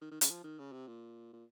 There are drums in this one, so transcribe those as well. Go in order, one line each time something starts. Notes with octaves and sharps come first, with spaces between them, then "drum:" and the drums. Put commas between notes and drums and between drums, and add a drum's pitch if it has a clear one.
D#3
D#3
C#3, drum: hi-hat
F3
D#3
C#3
C3
A#2
A#2